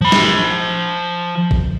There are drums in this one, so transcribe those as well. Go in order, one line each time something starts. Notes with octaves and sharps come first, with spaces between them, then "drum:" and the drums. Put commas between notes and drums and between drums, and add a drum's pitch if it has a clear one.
F3 B5
drum: snare
drum: kick A1